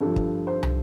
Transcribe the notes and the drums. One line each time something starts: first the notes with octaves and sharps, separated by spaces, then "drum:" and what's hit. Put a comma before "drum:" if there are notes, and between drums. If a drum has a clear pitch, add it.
G2 F3 A4
drum: kick
C5
drum: tom